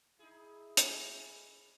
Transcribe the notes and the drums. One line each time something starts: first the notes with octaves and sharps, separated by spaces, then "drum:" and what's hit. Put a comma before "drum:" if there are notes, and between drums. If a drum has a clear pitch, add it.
D#4 E4 G#4
G#5, drum: hi-hat